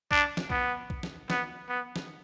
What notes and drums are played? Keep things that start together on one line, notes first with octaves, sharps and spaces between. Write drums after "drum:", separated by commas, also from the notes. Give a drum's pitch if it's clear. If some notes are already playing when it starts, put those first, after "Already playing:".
D4, drum: kick B1
drum: snare
B3, drum: kick B1
drum: kick B1
drum: snare
B3, drum: snare
B3
drum: snare